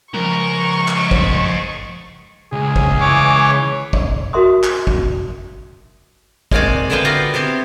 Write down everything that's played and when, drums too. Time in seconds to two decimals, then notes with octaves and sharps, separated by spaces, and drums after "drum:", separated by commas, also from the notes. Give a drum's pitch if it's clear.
0.14 C#2 F3 A#4 C#6
0.88 drum: clap
0.97 C5 D#5
1.11 drum: kick
2.53 C#2 G#4
2.76 drum: kick
3.00 E3 C#5 D6
3.93 drum: kick
4.33 F#4 A#4 E5 C6 D#6
4.64 drum: clap
4.87 drum: kick
6.52 G#3 A#3 C4 C#5 D5 G#5, drum: kick
6.90 D3 B3 E4 B4 F5 G5
7.05 B3 F4 F#4 A#4 D5 G5
7.34 B3 C4 E4 G4